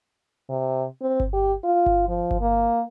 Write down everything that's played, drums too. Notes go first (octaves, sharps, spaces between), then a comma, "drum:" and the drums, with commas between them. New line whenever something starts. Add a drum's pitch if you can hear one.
C3
C4
drum: kick G1
G4
F4
drum: kick G1
F3
drum: kick G1
A#3